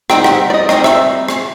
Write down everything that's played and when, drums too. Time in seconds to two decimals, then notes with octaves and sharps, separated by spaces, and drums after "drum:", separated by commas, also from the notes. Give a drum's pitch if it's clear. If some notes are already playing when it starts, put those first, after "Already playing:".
0.10 G3 C4 D#4 G5, drum: rim click
0.24 F#5, drum: rim click
0.50 D5
0.54 D#5
0.69 G3 C4 D#4 D#5, drum: rim click
0.84 E5, drum: rim click
1.29 drum: rim click